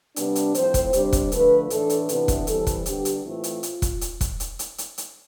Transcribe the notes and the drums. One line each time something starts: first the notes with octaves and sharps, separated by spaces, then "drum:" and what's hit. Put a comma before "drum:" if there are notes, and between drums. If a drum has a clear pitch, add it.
C3 G3 B3 D4, drum: hi-hat
drum: hi-hat
A2 F3 C4 C5, drum: hi-hat
drum: kick, hi-hat
C3 G3 D4 C5, drum: hi-hat
drum: kick, hi-hat
D3 F3 A3 B4, drum: hi-hat
A2 E3 A3 D4 A4, drum: hi-hat
drum: hi-hat
C3 E3 B3 D4 B4, drum: hi-hat
drum: kick, hi-hat
E3 G3 C4 A4, drum: hi-hat
drum: kick, hi-hat
D3 G3 B3 D4 G4, drum: hi-hat
drum: hi-hat
A2 E3 A3 C4 F4
drum: hi-hat
drum: hi-hat
drum: kick, hi-hat
drum: hi-hat
drum: kick, hi-hat
drum: hi-hat
drum: hi-hat
drum: hi-hat
drum: hi-hat